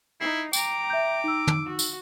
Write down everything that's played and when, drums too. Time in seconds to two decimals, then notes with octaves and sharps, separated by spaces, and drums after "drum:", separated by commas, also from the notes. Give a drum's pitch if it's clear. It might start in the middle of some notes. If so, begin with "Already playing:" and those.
0.21 D#4 E4 C7
0.53 G5 A#5 D6, drum: tambourine
0.90 E5 G6
1.24 D#4 E6
1.47 drum: tom
1.66 F#4
1.79 drum: tambourine